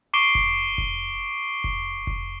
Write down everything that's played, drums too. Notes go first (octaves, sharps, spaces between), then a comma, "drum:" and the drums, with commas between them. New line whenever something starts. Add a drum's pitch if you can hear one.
C#6 D6 C7 D7 G7
drum: kick F1
drum: kick F1
drum: kick F1
drum: kick F1